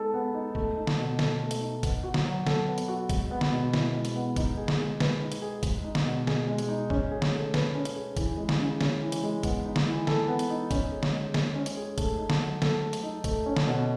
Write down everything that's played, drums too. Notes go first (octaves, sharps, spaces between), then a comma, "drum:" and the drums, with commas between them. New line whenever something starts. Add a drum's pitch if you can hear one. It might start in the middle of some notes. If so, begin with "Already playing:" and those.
Already playing: G#3 B3 D#4 A4
B3
D#4
A3, drum: kick
D#4
drum: snare
B2
A4, drum: snare
A3
drum: hi-hat
D#4
B3, drum: kick, hi-hat
F#4
drum: snare
F#3
A4, drum: snare
B3
drum: hi-hat
F#4
G#3, drum: kick, hi-hat
B3
drum: snare
B2
E4, drum: snare
G#3
drum: hi-hat
B3
D#4, drum: kick, hi-hat
G#4
drum: snare
G#3
B4, drum: snare
D#4
drum: hi-hat
G#4
G#3, drum: kick, hi-hat
D#4
drum: snare
B2
G#4, drum: snare
G#3
drum: hi-hat
D#4
C#4, drum: kick
G#4
drum: snare
A3
B4, drum: snare
C#4
drum: hi-hat
G#4
E3, drum: kick, hi-hat
G#3
drum: snare
C#3
C#4, drum: snare
E3
drum: hi-hat
G#3
B3, drum: kick, hi-hat
D#4
drum: snare
E3
A4, drum: snare
B3
drum: hi-hat
D#4
C#4, drum: kick, hi-hat
G#4
drum: snare
G#3
G#3, drum: snare
C#4
drum: hi-hat
G#4
A3, drum: kick, hi-hat
D#4
drum: snare
F#3
A4, drum: snare
A3
drum: hi-hat
D#4
A3, drum: kick, hi-hat
C#4
drum: snare
B2